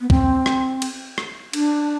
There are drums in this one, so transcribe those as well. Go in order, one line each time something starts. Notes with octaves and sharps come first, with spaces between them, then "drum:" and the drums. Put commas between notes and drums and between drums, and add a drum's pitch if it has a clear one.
B3
C4, drum: kick C2
drum: rim click
drum: cymbal
drum: rim click
D4, drum: cymbal